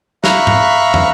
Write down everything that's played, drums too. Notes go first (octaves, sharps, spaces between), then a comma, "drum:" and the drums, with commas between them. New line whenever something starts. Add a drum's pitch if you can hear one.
E5 F5 A#5 B5 C#6 F#6, drum: snare
drum: tom G#2
drum: tom